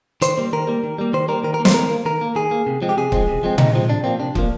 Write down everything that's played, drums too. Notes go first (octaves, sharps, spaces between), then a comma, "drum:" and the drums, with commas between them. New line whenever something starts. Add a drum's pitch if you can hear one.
D#3 C5, drum: hi-hat
G3 A#3
D#3 A#4
G3 A#3
D#3
G3 A#3
D#3 C5
G3 A#3 A#4
D#3 A#4
A#4
A#3
C5, drum: snare
D#3 A#4
A#3
D#3 A#4
A#3
D#3 G#4
A#3
C3
F3 G#3 C4
G4
C3 G#4
F3 G#3 C4, drum: kick
C3
F3 G#3 C4
C3 D#4, drum: tom A#2
F3 G#3 C4
C3 D4
F3 A#3 C4
C3 D4
F3 A#3, drum: kick